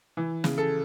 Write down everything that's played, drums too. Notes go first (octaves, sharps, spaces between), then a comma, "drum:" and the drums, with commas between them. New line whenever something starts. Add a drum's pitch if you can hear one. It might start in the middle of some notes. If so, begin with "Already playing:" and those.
E3
C#3, drum: snare
A4